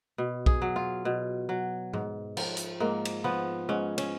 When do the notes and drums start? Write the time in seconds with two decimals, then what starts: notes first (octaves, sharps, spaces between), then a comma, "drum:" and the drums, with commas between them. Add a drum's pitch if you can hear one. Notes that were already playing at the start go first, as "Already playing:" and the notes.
0.18 B2
0.46 G#4, drum: kick B1
0.62 F#3
0.76 F4
1.05 B2
1.49 F#3
1.93 G#2, drum: tom G#2
2.37 F3, drum: cymbal
2.57 drum: hi-hat
2.80 G#2 A#3
3.05 drum: cymbal
3.24 F3 B3
3.69 G#2 C#4
3.98 C#4, drum: cymbal